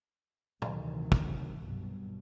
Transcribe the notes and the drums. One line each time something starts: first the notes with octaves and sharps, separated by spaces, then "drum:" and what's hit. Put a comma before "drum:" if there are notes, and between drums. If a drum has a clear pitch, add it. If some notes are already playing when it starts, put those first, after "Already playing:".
D2 C3 D#3 E3 F#3, drum: tom A#2
drum: kick
C2 G2 B2 F#3 G3